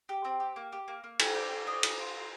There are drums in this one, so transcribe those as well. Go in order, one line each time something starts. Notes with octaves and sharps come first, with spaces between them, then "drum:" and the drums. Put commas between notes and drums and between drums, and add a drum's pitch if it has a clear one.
G4
C4
G4
A#3
G4
A#3
A#3
G4 G#5, drum: cymbal
D4 G5
D4
D4 D#5
D4, drum: cymbal
F4
F4